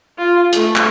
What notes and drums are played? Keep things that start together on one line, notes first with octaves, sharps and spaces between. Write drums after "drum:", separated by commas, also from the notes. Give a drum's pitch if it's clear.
F4
A3, drum: hi-hat
drum: clap